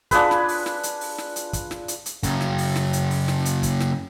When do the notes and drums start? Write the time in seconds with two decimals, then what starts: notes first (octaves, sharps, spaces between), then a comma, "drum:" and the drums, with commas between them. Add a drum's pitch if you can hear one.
0.11 D4 F4 G#4 B4, drum: kick, hi-hat
0.31 drum: snare
0.48 drum: open hi-hat
0.66 drum: snare
0.83 drum: hi-hat
1.01 drum: open hi-hat
1.18 drum: snare
1.36 drum: hi-hat
1.53 drum: kick, hi-hat
1.71 drum: snare
1.88 drum: hi-hat
2.06 drum: hi-hat
2.23 F#2 C#3, drum: kick, hi-hat
2.41 drum: snare
2.58 drum: open hi-hat
2.76 drum: snare
2.93 drum: hi-hat
3.10 drum: open hi-hat
3.28 drum: snare
3.45 drum: hi-hat
3.63 drum: kick, hi-hat
3.80 drum: snare